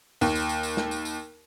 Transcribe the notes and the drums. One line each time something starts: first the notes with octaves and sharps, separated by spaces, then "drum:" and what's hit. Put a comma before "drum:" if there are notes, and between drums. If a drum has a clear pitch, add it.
D#2, drum: tambourine
drum: tambourine
drum: tambourine
drum: tambourine
drum: snare
drum: tambourine
drum: tambourine